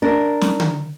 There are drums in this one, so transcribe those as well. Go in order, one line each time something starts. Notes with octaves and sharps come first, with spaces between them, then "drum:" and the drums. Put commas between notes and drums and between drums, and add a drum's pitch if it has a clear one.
D4 A#4
drum: snare
drum: tom D3